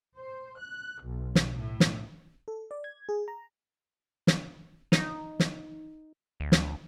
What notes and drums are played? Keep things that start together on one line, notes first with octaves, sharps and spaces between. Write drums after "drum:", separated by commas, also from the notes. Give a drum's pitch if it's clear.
C5
F#6
B1
drum: snare
A2
drum: snare
A4
D5
G#6
G#4
A#5
drum: snare
D#4, drum: snare
drum: snare
D2
drum: snare